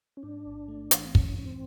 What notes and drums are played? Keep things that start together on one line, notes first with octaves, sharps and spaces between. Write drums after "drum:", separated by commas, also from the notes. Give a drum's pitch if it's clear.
C#4
G#2 D4
A1
A3
E3, drum: hi-hat
C4
E3 C#4, drum: kick
G#2 C#4
C4